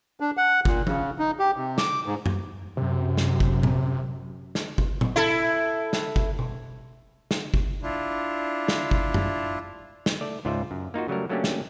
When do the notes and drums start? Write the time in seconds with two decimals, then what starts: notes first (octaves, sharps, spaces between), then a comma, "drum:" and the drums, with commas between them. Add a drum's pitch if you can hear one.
0.20 D4
0.37 F#5
0.65 A#2, drum: kick G1
0.87 C#3, drum: tom F3
1.18 D#4
1.39 G4
1.57 C3
1.78 D6, drum: snare
2.06 G#2
2.26 drum: tom F#2
2.77 F#2 C3
3.17 drum: snare
3.40 drum: kick G1
3.63 drum: tom A#2
4.55 drum: snare
4.78 drum: kick G1
5.01 drum: tom A#2
5.16 E4 A4
5.93 drum: snare
6.16 drum: kick G1
6.39 drum: tom
7.31 drum: snare
7.54 drum: kick G1
7.83 D4 E4 F4
8.68 drum: snare
8.91 drum: kick G1
9.14 drum: tom F#2
10.06 drum: snare
10.21 A3 D5
10.45 C#2 G#2 F4 C5 D5 E5
10.71 F#2
10.94 A#3 D#4 F4 F#4
11.08 C#3 F#3 G3 A3 A#4
11.29 F#3 A3 A#3 C#4 D4 G4
11.44 drum: snare